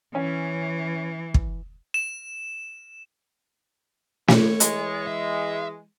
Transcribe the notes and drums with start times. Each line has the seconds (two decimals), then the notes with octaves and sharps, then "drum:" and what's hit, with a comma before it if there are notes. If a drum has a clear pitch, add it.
0.15 E3 C#4
1.34 drum: kick
1.94 E7
4.28 C#5, drum: snare
4.60 E3 G#3, drum: hi-hat
5.07 E5